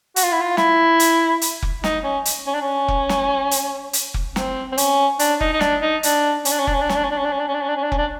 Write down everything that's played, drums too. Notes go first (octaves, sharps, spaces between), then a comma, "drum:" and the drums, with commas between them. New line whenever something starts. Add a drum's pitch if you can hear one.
F#4, drum: hi-hat
F4
E4
F4
E4, drum: snare
drum: hi-hat
drum: hi-hat
drum: kick F1
D#4, drum: snare
C#4
drum: hi-hat
C#4
D4
C#4
drum: kick F1
drum: snare
drum: hi-hat
drum: hi-hat
drum: kick F1
C4, drum: snare
C4
C#4, drum: hi-hat
D4, drum: hi-hat
D#4, drum: kick F1
D#4
D4, drum: snare
D#4
D4, drum: hi-hat
C#4, drum: hi-hat
D4
C#4
D4, drum: kick F1
C#4
D4
C#4, drum: snare
D4
C#4
D4
C#4
D4
C#4
D4
C#4
D4
C#4
D4
C#4
D4
C#4, drum: kick F1
D4